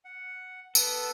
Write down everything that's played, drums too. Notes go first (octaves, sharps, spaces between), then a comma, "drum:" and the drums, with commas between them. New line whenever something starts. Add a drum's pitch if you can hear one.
F#5
B3 A4 B4, drum: tambourine